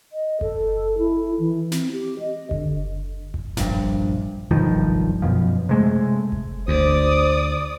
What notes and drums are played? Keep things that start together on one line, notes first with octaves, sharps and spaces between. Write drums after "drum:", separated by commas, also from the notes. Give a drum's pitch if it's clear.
D#5
A4, drum: kick F#1
E4
E3
C4, drum: snare
G4
D#5
D3, drum: kick F#1
drum: kick F#1
A#1 G2, drum: snare
B1 G2 D#3 F3, drum: kick F#1
F#2 B2 F3
C3 G#3 A3
drum: kick F#1
D2 C5 D5 D#6